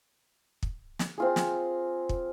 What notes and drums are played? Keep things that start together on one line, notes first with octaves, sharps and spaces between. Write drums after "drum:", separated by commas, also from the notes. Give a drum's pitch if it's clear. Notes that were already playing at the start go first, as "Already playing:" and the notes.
drum: kick
drum: snare
C4 F4 G#4
drum: snare
drum: kick